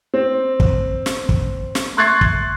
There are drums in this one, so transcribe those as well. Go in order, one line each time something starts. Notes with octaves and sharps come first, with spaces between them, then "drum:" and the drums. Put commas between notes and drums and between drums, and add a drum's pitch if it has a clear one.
C4
drum: kick
drum: snare
drum: kick
drum: snare
C6 C#6 F#6 G#6 A6 C7
drum: kick